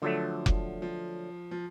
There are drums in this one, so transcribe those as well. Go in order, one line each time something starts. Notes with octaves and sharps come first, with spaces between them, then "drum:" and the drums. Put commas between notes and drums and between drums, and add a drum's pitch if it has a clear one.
D3 F3 F#3 A3
drum: kick F1
F3
F3